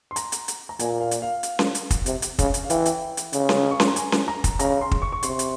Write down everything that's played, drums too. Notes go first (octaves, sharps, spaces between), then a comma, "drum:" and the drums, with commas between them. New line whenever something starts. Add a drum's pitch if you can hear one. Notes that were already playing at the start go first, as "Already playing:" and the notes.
C6
A#5, drum: hi-hat
drum: hi-hat
drum: hi-hat
A#5
A#2 G#5, drum: hi-hat
F5
drum: hi-hat
F5
drum: hi-hat
drum: snare C#4
drum: hi-hat
drum: kick, hi-hat
C3, drum: hi-hat
drum: hi-hat
C#3, drum: kick, hi-hat
drum: hi-hat
F5
E3 G5, drum: hi-hat
drum: hi-hat
drum: hi-hat
C#3, drum: hi-hat
drum: snare C#4
C#6
C6, drum: snare C#4
A#5
G#5, drum: hi-hat
drum: snare C#4
A#5
drum: kick, hi-hat
C#3 A#5, drum: hi-hat
C6
drum: kick
C#6
C#6
C3 C6, drum: hi-hat
drum: hi-hat